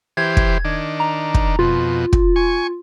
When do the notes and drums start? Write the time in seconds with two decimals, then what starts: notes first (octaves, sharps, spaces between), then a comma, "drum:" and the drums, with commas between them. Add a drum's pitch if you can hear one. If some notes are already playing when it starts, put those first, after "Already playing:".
0.17 E3 G4 C5 G#6
0.37 drum: kick
0.65 D#3 D4
1.00 A#5
1.34 drum: kick
1.59 F2 B2 F4
2.13 drum: kick
2.36 G#5 C#6